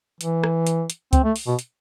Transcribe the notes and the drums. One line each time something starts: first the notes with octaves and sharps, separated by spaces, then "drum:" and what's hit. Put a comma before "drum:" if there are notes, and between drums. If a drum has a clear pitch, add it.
E3, drum: hi-hat
drum: rim click
drum: hi-hat
drum: hi-hat
C4, drum: kick C#2, hi-hat
A3
drum: open hi-hat
B2
drum: hi-hat